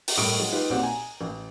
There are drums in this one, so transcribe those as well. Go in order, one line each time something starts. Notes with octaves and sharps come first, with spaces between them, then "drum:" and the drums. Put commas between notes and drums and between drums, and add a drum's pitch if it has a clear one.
drum: open hi-hat
A2 G3 A#4 C#6 D#6 D7
F#3 G#3
D#4 F4 G4 B4
B1 A#2 C4 G4 F#5
G#5 A#5
A1